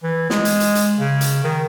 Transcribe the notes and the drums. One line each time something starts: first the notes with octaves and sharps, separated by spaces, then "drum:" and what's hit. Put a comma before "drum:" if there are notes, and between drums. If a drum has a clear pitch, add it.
E3
G#3, drum: snare
drum: hi-hat
drum: hi-hat
drum: hi-hat
C#3
drum: hi-hat
D#3